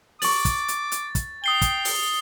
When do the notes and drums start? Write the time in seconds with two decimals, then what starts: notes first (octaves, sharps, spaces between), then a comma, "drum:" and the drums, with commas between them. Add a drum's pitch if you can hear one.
0.22 C#6 D6 A6 F#7, drum: open hi-hat
0.45 drum: kick, hi-hat
0.68 drum: hi-hat
0.92 drum: hi-hat
1.15 drum: kick, hi-hat
1.44 G5 D#6 C7 G7
1.62 drum: kick, hi-hat
1.85 drum: open hi-hat